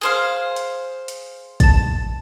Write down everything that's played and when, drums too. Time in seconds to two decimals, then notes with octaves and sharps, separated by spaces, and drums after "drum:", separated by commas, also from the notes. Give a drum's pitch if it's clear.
0.01 G#4 C5 F5 D#6
0.56 drum: hi-hat
1.08 drum: hi-hat
1.60 A5 A6, drum: kick, hi-hat